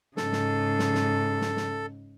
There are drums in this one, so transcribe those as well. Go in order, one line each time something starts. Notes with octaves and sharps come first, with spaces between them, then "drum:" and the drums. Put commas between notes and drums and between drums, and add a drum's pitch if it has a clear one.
G#2 C#3 A4, drum: snare
drum: snare
drum: snare
drum: snare
drum: snare
drum: snare